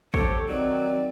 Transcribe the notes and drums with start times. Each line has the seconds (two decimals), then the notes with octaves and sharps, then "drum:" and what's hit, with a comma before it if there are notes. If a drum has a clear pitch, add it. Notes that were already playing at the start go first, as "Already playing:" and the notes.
0.14 G4 A4 C5 C#5, drum: kick
0.49 D#3 F#3 C4 D5